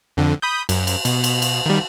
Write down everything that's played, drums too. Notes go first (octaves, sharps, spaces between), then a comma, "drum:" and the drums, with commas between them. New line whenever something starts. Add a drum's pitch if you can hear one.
F2 D3
B5 D#6 G6
F#2, drum: cymbal
drum: cymbal
B2, drum: cymbal
drum: cymbal
drum: cymbal
D#3 G3